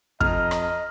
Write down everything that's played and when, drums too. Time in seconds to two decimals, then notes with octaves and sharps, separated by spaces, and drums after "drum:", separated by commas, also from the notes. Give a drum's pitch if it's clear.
0.21 F2 D#5 A#5 F6, drum: kick
0.51 drum: rim click